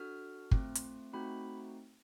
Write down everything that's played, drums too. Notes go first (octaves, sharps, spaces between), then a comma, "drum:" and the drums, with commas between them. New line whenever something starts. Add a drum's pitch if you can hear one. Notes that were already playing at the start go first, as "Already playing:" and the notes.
Already playing: D4 F#4 A4 F6
A3 C4 F4, drum: kick
drum: hi-hat
A3 C4 D#4 F#4 B5